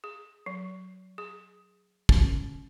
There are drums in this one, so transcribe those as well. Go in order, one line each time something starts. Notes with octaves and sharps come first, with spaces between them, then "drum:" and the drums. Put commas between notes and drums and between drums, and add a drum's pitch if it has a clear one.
G#4
F#3
G#4
C#4, drum: kick